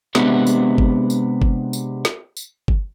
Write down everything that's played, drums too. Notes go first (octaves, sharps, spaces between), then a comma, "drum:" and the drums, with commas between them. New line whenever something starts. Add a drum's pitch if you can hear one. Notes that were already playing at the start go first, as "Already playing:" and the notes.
C3 G#3 B3 D4 E5 F#5, drum: snare
drum: tambourine
drum: kick G1
drum: tambourine
drum: kick G1
drum: tambourine
drum: snare
drum: tambourine
drum: kick G1